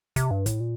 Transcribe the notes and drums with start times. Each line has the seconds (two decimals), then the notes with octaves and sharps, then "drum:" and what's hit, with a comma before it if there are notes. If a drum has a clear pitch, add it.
0.16 C3, drum: kick, hi-hat
0.31 G2
0.46 A2, drum: kick, hi-hat
0.60 A#2